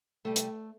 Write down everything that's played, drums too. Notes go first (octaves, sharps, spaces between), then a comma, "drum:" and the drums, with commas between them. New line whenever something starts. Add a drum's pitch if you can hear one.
C3 G3 A3
drum: hi-hat